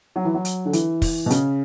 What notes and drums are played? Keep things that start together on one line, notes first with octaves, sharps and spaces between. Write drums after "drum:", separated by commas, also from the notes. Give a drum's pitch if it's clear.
F#3
E3
F#3
drum: hi-hat
D3
E3, drum: hi-hat
drum: kick, open hi-hat
B2
C#3, drum: hi-hat